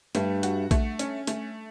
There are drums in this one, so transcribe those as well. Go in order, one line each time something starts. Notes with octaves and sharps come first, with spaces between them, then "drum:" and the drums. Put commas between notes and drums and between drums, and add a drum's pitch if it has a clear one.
G2 A3, drum: hi-hat
F#4, drum: hi-hat
A3, drum: kick A#1, hi-hat
C#4, drum: hi-hat
A3, drum: hi-hat